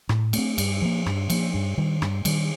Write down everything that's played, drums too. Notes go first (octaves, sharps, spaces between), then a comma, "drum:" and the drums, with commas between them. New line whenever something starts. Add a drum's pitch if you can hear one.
A2, drum: rim click
A3 C4, drum: cymbal
G2, drum: cymbal
F3 A#3
G2, drum: rim click
F3 A#3, drum: cymbal
G2
D#3 G3
G2, drum: rim click
D#3 G3, drum: cymbal